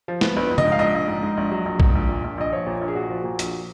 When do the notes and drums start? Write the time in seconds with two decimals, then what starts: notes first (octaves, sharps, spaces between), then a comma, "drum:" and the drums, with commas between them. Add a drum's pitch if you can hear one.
0.08 F3
0.21 B3, drum: snare
0.36 A#1 B4
0.51 A#1
0.58 D#5, drum: tom C#3
0.65 G#2
0.72 F5
0.79 A#1 D#5
0.94 A#1
1.08 G#2
1.23 G#2
1.37 A#1
1.51 F#3
1.66 A#1
1.80 G#2, drum: kick A#1
1.95 A#1
2.09 A#2
2.24 A#1
2.38 A#1 D#5
2.52 F3 C#5
2.67 A#2
2.81 A#1
2.88 G#4
2.95 A#2 F#4
3.10 F3
3.24 A#2
3.39 A#1, drum: hi-hat